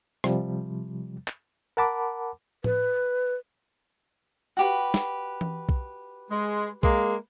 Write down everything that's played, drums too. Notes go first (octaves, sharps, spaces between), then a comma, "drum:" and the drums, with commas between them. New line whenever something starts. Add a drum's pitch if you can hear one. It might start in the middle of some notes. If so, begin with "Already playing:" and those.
C3 F3 G3, drum: rim click
drum: clap
A#4 F#5 A5 B5 D6
B4, drum: tom A2
F#4 G4 B4
drum: snare
drum: tom E3
drum: kick B1
G#3
G#3 A#3, drum: kick B1